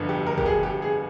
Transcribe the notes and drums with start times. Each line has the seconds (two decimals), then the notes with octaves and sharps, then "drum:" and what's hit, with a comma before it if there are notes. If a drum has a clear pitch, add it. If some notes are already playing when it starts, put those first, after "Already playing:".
Already playing: G1 F2 D3
0.09 G4
0.26 A#4
0.38 G4, drum: kick
0.46 G#4
0.63 G4
0.82 G#4